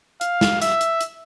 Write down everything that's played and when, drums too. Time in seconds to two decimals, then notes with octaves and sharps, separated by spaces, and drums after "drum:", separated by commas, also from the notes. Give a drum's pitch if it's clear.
0.21 F5, drum: hi-hat
0.41 drum: snare
0.62 E5, drum: hi-hat
0.81 drum: hi-hat
1.01 drum: hi-hat